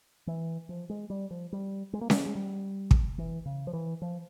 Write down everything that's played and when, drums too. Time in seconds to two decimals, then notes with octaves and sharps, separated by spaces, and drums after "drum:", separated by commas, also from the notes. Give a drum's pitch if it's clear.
0.27 E3
0.69 F3
0.90 G#3
1.10 G3
1.31 F3
1.53 G3
1.93 G#3
2.01 A#3
2.10 G#3, drum: snare C#4
2.26 G#3
2.35 G3
2.91 drum: kick
3.18 E3
3.46 C#3
3.67 F3
3.73 E3
4.02 F3